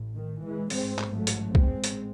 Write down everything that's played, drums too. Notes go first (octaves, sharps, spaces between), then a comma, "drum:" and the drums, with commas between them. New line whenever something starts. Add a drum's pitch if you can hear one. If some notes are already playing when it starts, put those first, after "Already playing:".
Already playing: A1 A2
D#3
E3 G#3
A1 G#2 G#3 C4, drum: open hi-hat
drum: clap
F#3 A3
drum: hi-hat
G#3 C4, drum: kick
drum: hi-hat